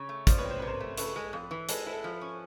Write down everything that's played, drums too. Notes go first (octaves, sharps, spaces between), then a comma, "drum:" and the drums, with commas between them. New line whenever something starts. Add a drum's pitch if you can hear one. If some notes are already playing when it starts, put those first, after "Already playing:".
Already playing: C#3 C#5
A3
F3 C5 D5, drum: kick, hi-hat
B4 C#5
C4
C5
C3 B4
A#4 C5
A3
C#3 A4 B4, drum: hi-hat
G#3
F2
E3
G#3 A4 B4, drum: hi-hat
E4
A4
F3
C#4